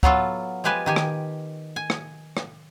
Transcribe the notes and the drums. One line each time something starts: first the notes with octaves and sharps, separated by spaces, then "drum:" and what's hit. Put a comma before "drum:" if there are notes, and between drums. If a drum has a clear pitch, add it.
F#3 B3 F4 A4, drum: kick
F3 G#3 G4 B4 G#5 A5
D#3 G4 G#5
drum: rim click
G#5
drum: rim click
drum: rim click